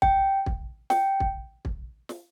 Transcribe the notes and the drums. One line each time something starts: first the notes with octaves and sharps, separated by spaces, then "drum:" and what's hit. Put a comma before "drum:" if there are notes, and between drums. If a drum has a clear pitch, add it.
G5, drum: kick
drum: kick
G5, drum: snare
drum: kick
drum: kick
drum: snare